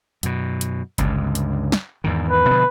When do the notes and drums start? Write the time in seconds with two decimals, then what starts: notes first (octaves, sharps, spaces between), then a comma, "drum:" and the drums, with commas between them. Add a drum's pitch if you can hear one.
0.23 F#2 B2, drum: hi-hat
0.61 drum: hi-hat
0.98 C#2 G2 D3, drum: kick G1, hi-hat
1.35 drum: hi-hat
1.72 drum: snare
2.04 E2 G#2 D#3
2.29 B4
2.50 B2 D3 F3